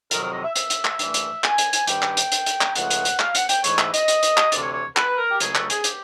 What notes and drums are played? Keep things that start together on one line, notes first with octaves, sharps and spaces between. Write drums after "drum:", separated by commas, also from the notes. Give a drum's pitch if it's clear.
F2 C3 D#3 F#3 A#4, drum: hi-hat
A#4
D#5
E5
E5, drum: hi-hat
drum: hi-hat
drum: clap
G2 E3 A3, drum: hi-hat
drum: hi-hat
G#5, drum: clap
drum: hi-hat
drum: hi-hat
G2 D#3 G3 G5, drum: hi-hat
drum: clap
drum: hi-hat
drum: hi-hat
drum: hi-hat
drum: clap
C#2 C#3 F3 A3 F#5, drum: hi-hat
drum: hi-hat
drum: hi-hat
F5, drum: clap
F#5, drum: hi-hat
G5, drum: hi-hat
G#2 E3 A3 C#5, drum: hi-hat
E5, drum: clap
D#5, drum: hi-hat
drum: hi-hat
drum: hi-hat
drum: clap
D2 C3 E3 D5, drum: hi-hat
C#5
C#5
B4, drum: clap
A#4
G4
C#2 C#3 F#3 A3 G#4, drum: hi-hat
A4, drum: clap
G#4, drum: hi-hat
G4, drum: hi-hat